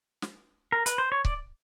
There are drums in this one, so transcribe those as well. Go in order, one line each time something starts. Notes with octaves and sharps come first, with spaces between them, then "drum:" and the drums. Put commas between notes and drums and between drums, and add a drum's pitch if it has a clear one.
drum: snare
A#4
B4, drum: hi-hat
C5
C#5
D5, drum: kick C#1